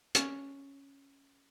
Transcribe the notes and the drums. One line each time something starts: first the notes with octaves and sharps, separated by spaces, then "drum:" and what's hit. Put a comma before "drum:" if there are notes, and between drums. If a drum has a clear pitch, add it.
C#4, drum: hi-hat